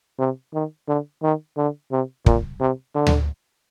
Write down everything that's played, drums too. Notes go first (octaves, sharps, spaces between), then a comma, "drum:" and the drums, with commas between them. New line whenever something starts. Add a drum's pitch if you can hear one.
C3
D#3
D3
D#3
D3
C3
A#2, drum: kick
C3
D3
drum: tom D2